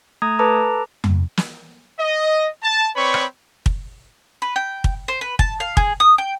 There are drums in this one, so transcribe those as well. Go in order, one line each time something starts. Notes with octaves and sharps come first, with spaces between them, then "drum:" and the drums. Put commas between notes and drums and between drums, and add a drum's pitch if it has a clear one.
A3 A#5 D#6 G#6
A4 B4 A5 A#5 D6 E6
drum: tom F2
drum: snare
D#5
A5
C4 B4 C#5 D5 B5 C#6
drum: rim click
drum: kick
B4
G5
drum: kick
C5
B4
A5, drum: kick
F5
G#4, drum: kick
D#6
G5